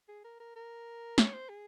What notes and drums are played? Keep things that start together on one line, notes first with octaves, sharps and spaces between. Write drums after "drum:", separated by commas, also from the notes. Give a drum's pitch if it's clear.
G#4
A#4
A#4
A#4
C#5, drum: snare
C5
G#4